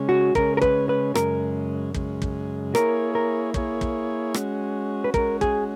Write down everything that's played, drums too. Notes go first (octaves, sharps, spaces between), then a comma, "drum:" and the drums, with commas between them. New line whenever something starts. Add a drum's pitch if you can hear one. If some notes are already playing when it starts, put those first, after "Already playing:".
Already playing: C#3 G#3 C#4
F#4
C#3 G#3 C#4 A#4, drum: kick
A#4
B4, drum: kick
B4
F#2 C#3 G#3 A#4, drum: rim click
F#2 C#3 G#3, drum: kick
drum: kick
A#3 E4 G#4 A#4 C#5, drum: rim click
A#4
A#3 E4 G#4 C#5, drum: kick
drum: kick
G#3 C#4 F#4, drum: rim click
B4
G#3 C#4 F#4 A#4, drum: kick
G#4, drum: kick